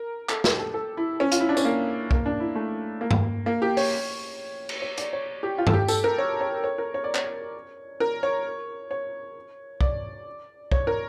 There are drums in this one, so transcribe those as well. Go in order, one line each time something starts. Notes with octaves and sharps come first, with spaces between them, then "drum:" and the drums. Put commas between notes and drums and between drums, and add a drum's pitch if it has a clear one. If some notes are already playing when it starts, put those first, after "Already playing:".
Already playing: A#4
A4, drum: clap
G4, drum: snare
A4
A4
E4
C#4
F4, drum: hi-hat
E4
D4
C#4, drum: tambourine
A#3
A#3, drum: kick
D4
E4
A3
A#3
drum: tom G2
A#3
G4
C#5, drum: open hi-hat
drum: cymbal
C#5
D5, drum: hi-hat
C#5
G4
F4
A4, drum: tom G2
G4
A4, drum: tambourine
A#4
C#5
C#5
C#5
A#4
C#5
D5
C#5, drum: clap
A#4
C#5
C#5
D5, drum: kick
C#5, drum: kick
A#4